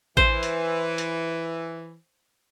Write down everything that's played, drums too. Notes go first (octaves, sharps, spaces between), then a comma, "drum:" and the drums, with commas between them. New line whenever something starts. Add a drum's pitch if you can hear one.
E3 C5, drum: kick A1
drum: hi-hat
drum: hi-hat